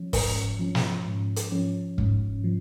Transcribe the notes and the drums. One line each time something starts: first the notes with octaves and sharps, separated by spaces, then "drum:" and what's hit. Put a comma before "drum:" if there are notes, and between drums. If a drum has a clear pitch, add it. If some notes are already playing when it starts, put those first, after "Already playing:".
Already playing: F3 C#4
G#2, drum: kick, open hi-hat
F3 C#4
drum: snare
G#2
drum: hi-hat
F3 C#4
G#2, drum: kick
F3